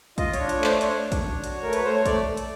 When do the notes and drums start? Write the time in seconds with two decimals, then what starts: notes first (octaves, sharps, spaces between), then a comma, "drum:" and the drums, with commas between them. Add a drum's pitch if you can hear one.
0.18 F4 D#5, drum: kick, hi-hat
0.33 D4 C#5, drum: hi-hat
0.49 C#5, drum: hi-hat
0.59 A3
0.64 C5, drum: clap
0.81 D4 C#5, drum: hi-hat
1.02 D4
1.12 drum: kick, hi-hat
1.23 D4
1.44 F#4, drum: hi-hat
1.63 A3 A#4
1.73 B4, drum: hi-hat
1.84 A3 C5
1.95 C#5
2.06 A3 D5, drum: kick, hi-hat
2.27 A3
2.37 drum: hi-hat